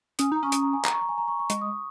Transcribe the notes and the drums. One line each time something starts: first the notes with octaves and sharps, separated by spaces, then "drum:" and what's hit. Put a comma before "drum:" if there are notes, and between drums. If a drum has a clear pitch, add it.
C#4 D#6, drum: hi-hat
D#4 A#5
C#4 C#6
D#6, drum: hi-hat
A#5
G#5
A#5, drum: clap
C#6
A#5
G#5
A#5
C#6
C#6
G#3 C#6, drum: hi-hat
D#6